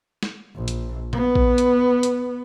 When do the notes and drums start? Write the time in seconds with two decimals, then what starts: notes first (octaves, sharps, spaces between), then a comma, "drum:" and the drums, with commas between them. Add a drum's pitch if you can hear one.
0.23 drum: snare
0.55 A#1
0.68 drum: hi-hat
1.13 B3, drum: tom A#2
1.35 drum: kick A#1
1.58 drum: hi-hat
2.03 drum: hi-hat